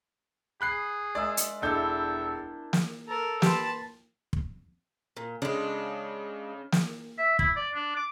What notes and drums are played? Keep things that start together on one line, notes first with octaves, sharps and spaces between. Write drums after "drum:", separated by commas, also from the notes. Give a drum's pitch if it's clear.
G#4 B5 F#6 C7
G#3 A#4 D5 E5
drum: hi-hat
E1 D4 E4 A4 E5 G6
drum: snare
A4 A#4
G4 B4 A5 B5 C6, drum: snare
drum: kick
A#2
C#3 G#3 D4
drum: snare
E5
E4, drum: kick
D5
D4
D6